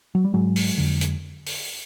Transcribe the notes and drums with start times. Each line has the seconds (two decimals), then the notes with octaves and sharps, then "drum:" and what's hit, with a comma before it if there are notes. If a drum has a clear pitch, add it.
0.15 F#3
0.24 G3
0.33 G#2 F#3 G#3
0.56 drum: open hi-hat
0.78 F2 D3
1.01 drum: hi-hat
1.46 drum: open hi-hat